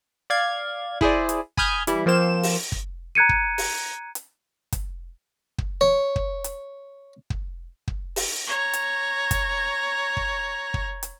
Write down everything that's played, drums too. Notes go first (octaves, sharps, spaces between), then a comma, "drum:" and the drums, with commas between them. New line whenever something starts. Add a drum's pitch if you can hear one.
D5 F5 G#6
E4 G#4 C5 D5, drum: kick
drum: hi-hat
G#5 B5 D#6 F6 G6 G#6, drum: kick
E3 G3 E4, drum: hi-hat
F3 A#3 C4 C5 E7
drum: open hi-hat
drum: kick
A#5 F#6 G#6 C#7 D#7
drum: kick
drum: open hi-hat
drum: hi-hat
drum: kick, hi-hat
drum: kick
C#5
drum: kick
drum: hi-hat
drum: kick
drum: kick
drum: open hi-hat
C#5 A#5
drum: hi-hat
drum: kick, hi-hat
drum: kick
drum: kick
drum: hi-hat